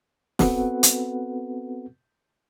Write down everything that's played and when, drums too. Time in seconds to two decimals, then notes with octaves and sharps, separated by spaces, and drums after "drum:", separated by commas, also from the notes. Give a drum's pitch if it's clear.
0.39 B3 C4 F#4 A4 B4 F#5, drum: snare
0.83 drum: hi-hat